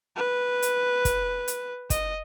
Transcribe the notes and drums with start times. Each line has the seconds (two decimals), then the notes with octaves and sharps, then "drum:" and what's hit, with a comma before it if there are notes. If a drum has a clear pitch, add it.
0.16 B4
0.62 drum: hi-hat
1.05 drum: kick, hi-hat
1.48 drum: hi-hat
1.90 D#5, drum: kick, hi-hat